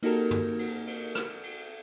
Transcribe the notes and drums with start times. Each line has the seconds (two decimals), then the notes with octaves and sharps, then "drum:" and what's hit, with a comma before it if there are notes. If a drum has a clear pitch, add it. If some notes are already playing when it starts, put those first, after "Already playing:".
0.03 A#3 D#4 F#4 G4 A4 A#4, drum: cymbal
0.31 drum: tom
0.59 drum: cymbal
0.87 drum: cymbal
1.15 drum: rim click
1.43 drum: cymbal